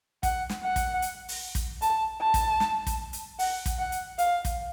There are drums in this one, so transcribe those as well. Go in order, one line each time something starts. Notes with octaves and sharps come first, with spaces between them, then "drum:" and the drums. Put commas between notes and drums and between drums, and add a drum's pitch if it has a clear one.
F#5, drum: kick, hi-hat
drum: snare
F#5
drum: kick, hi-hat
drum: hi-hat
drum: open hi-hat
drum: kick, hi-hat
A5, drum: hi-hat
A5
drum: kick, hi-hat
drum: snare
drum: kick, hi-hat
drum: hi-hat
F#5, drum: open hi-hat
drum: kick, hi-hat
F#5
drum: hi-hat
F5, drum: hi-hat
drum: kick, hi-hat